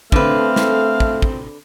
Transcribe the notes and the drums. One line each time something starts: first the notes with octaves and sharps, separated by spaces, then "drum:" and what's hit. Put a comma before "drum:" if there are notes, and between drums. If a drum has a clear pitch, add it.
D3 A3 C4 B4 F5, drum: kick
drum: snare
drum: kick
drum: kick